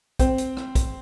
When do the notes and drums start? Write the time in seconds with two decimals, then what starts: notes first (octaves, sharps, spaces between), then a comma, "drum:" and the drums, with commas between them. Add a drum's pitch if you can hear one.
0.19 C4, drum: kick, hi-hat
0.38 drum: hi-hat
0.57 drum: rim click
0.75 drum: kick, hi-hat